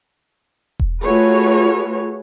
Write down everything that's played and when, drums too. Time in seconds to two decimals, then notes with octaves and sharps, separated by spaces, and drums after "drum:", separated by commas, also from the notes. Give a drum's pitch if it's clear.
0.80 drum: kick E1
1.03 A3 F4 F#4 G#4 B4 C#5